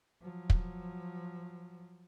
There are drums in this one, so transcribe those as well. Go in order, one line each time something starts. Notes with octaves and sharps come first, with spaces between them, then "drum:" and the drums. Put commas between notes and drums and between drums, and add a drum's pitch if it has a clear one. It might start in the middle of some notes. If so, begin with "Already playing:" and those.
F3 F#3
drum: kick